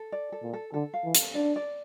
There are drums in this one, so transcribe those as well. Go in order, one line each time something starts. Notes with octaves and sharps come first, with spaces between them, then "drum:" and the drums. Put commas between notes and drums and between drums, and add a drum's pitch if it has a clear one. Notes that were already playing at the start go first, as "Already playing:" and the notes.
Already playing: A4
D5
A4
A#2
A4
D3 A4
F5
E3
A4, drum: hi-hat
D4 D5
D5